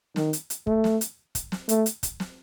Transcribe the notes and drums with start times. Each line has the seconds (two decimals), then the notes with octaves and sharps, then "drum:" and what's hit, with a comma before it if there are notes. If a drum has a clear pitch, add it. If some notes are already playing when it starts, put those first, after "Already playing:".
0.16 D#3, drum: snare
0.33 drum: hi-hat
0.50 drum: hi-hat
0.67 A3, drum: kick
0.84 drum: snare
1.01 drum: hi-hat
1.35 drum: kick, hi-hat
1.52 drum: snare
1.69 A3, drum: hi-hat
1.86 drum: hi-hat
2.03 drum: kick, hi-hat
2.20 drum: snare